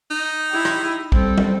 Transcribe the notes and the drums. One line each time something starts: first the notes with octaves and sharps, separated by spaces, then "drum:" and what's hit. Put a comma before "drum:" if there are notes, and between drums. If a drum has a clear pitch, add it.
D#4
E4 G4
drum: rim click
G3 C4 A4, drum: kick
drum: tom